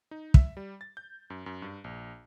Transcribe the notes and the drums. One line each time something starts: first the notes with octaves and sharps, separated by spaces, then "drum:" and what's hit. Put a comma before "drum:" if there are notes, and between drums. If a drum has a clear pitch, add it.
D#4
E5, drum: kick
G3
A6
G6
F#2
F#2
G2
A#1